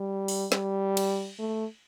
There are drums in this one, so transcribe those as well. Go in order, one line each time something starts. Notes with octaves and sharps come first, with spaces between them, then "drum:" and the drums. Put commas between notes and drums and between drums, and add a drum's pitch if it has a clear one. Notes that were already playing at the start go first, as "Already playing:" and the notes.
Already playing: G3
drum: open hi-hat
G3, drum: snare
drum: cymbal
A3